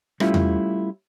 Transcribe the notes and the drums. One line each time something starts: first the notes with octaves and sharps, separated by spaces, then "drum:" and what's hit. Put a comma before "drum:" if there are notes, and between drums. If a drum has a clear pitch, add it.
G3 A3 C#4 E4 F4, drum: rim click
drum: tom E2